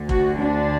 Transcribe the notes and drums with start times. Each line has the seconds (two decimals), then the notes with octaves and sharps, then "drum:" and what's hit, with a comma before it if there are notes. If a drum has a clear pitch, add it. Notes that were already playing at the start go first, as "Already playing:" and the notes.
Already playing: D2 D3
0.09 F#4, drum: kick F1
0.39 D4